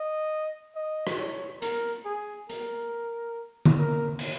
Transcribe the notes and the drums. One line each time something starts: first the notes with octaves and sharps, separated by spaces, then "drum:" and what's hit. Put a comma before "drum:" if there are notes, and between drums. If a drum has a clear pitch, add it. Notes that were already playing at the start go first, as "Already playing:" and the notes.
Already playing: D#5
D#5
drum: rim click
C#5
A#4, drum: hi-hat
G#4
A#4, drum: hi-hat
drum: tom D3
A#4
drum: cymbal